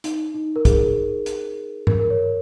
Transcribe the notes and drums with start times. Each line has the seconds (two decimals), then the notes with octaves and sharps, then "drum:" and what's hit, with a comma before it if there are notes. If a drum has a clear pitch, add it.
0.04 D#4, drum: hi-hat
0.34 D#4
0.56 A#4
0.65 G#4, drum: kick, hi-hat
1.26 drum: hi-hat
1.87 A#4, drum: tom G2
1.99 A#4
2.10 C#5